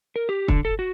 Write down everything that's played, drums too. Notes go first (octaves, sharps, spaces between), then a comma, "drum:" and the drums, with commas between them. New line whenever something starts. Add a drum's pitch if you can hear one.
A#4
G4
D3, drum: kick
A4
F#4